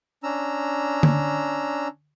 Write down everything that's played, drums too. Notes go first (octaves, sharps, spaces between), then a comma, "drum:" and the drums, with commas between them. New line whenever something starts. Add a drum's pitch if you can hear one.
C#4 D4 A#5 E6
drum: tom D3